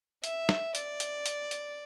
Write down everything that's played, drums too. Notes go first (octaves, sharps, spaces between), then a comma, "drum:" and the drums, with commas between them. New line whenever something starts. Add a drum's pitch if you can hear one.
E5, drum: hi-hat
drum: snare
D5, drum: hi-hat
drum: hi-hat
drum: hi-hat
drum: hi-hat